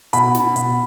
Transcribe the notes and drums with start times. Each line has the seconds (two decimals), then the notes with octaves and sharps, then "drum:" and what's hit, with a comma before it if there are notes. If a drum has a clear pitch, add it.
0.13 B2 B5, drum: hi-hat
0.35 drum: snare
0.56 B2, drum: hi-hat